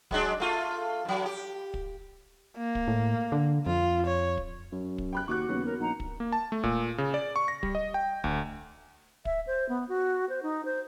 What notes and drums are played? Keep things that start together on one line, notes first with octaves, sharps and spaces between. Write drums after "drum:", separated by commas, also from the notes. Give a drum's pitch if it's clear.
F#3 G#3 D4, drum: kick
A3 F4
G2 F#3
G4
drum: kick
A#3
drum: kick
A2
D3
F2 F4
C#5
drum: kick
F#2
drum: kick
G5 B5 F#6
D#2 F#4 C#6 D6 F#6
D#2 C#3 F#3 B3
A#4
A#1 D#4 F#5 A#5
drum: kick
A#3
A5
A3
A#2, drum: kick
C#3
D5
C#6
A#6
G3, drum: kick
D#5
G5
D2, drum: kick
E5, drum: kick
C5
B3
F#4
C5
D#4
C5